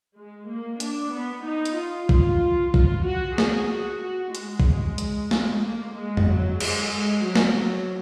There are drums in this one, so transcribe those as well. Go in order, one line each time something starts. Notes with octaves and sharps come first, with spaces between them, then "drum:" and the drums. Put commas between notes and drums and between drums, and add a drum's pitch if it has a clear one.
G#3
A#3
D4, drum: hi-hat
B3
D#4
drum: hi-hat
F4
F4, drum: kick
F4, drum: kick
F#4
G#4, drum: snare
F#4
F#4
G#3, drum: hi-hat
drum: kick
drum: hi-hat
G#3, drum: snare
A#3
G#3
drum: tom F2
F#3
G#3, drum: cymbal
F#3
drum: snare